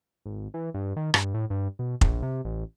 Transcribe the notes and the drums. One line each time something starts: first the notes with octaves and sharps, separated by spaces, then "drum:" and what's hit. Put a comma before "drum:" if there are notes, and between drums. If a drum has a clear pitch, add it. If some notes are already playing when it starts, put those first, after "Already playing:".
G#1
E3
G2
D#3
G2, drum: rim click
A2
G2
B2
A#1, drum: kick F1
C3
A1